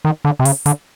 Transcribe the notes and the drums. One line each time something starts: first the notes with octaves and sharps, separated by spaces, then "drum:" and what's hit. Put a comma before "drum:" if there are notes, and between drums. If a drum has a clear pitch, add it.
D#3
D3
C3
C#3, drum: open hi-hat
D3, drum: hi-hat